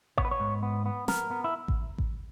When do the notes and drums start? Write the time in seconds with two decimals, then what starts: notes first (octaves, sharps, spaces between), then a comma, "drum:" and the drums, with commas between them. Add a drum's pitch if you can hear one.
0.18 B3 C#5, drum: kick A1
0.25 B4
0.31 C#5
0.40 G#2
0.63 B3
0.86 B3
1.08 B3 A#4, drum: snare
1.31 B3
1.44 E4
1.68 drum: kick A1
1.98 drum: kick A1